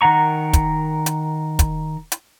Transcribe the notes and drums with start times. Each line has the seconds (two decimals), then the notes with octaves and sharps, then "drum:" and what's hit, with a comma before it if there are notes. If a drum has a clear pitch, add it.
0.01 D#3 A#4 F#5 A#5 C#6
0.53 drum: kick, hi-hat
1.06 drum: hi-hat
1.59 drum: kick, hi-hat
2.12 drum: hi-hat